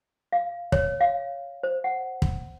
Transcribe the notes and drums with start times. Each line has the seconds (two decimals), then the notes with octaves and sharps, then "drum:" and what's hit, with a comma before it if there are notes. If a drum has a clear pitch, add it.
0.32 F5
0.72 C#5, drum: kick
1.01 F5
1.63 C5
1.84 F#5
2.22 drum: kick